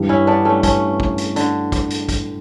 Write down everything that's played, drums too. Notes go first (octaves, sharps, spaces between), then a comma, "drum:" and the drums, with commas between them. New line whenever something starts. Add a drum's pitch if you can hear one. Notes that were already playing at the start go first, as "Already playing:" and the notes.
Already playing: G2 E3 G3
C#4 E4
B3 D4
A3 C#4
A3 C#4, drum: kick, hi-hat
drum: kick
drum: hi-hat
D3, drum: hi-hat
drum: kick, hi-hat
drum: hi-hat
drum: kick, hi-hat